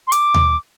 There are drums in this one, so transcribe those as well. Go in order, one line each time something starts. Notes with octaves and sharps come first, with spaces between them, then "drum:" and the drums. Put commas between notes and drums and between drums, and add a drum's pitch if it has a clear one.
C6
D6, drum: hi-hat
drum: tom D#2